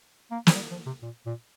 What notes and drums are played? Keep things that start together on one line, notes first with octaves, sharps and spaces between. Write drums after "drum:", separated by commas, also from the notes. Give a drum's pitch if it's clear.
A#3
F3, drum: snare
G3
F3
C3
A#2
A#2